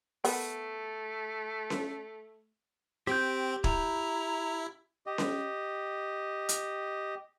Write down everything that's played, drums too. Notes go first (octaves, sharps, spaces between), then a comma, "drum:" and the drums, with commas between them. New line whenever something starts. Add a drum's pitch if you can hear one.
A3 B3 A#4, drum: open hi-hat
drum: snare C#4
C4 G4 G5 G6
E4 A#5, drum: kick
G4 D#5
drum: snare C#4
drum: hi-hat